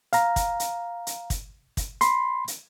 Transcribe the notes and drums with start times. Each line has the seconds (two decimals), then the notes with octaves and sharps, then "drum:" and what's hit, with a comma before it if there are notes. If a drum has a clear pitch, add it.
0.13 F5 A#5, drum: hi-hat
0.36 drum: kick, hi-hat
0.60 drum: hi-hat
1.07 drum: hi-hat
1.30 drum: kick, hi-hat
1.77 drum: kick, hi-hat
2.01 B5 C6, drum: hi-hat
2.48 drum: hi-hat